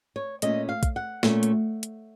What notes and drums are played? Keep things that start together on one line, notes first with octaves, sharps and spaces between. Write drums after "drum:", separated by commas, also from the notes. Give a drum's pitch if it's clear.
C#5
A#2 A3 C#4 D#5, drum: hi-hat
F5
drum: kick, hi-hat
F#5
A#2 A3 C#4, drum: snare
drum: hi-hat
drum: hi-hat